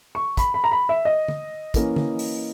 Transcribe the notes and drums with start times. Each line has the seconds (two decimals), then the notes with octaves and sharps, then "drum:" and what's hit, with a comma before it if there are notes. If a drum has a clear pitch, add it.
0.15 C#6
0.37 B5, drum: kick, hi-hat
0.54 B5
0.64 A#5
0.72 B5
0.89 E5
1.05 D#5
1.28 drum: tom D3
1.74 E3 A#3 C#4, drum: kick, hi-hat
1.96 drum: tom D3
2.19 drum: open hi-hat